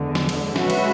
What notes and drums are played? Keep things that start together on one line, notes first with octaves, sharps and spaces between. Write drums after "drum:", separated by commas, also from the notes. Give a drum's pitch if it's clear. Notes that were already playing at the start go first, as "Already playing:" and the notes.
Already playing: E2 D3 G#3
drum: snare
drum: cymbal
G#3 C#4 F#4 B4 E5, drum: snare
drum: cymbal